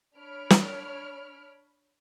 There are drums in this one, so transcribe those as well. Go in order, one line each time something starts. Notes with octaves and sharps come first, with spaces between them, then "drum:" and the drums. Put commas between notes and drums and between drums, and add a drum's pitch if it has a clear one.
D4 C#5 B5 F6 D7
drum: snare